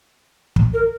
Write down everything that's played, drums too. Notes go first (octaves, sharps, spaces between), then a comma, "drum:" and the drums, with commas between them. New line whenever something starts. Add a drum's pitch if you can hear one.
drum: kick
A#4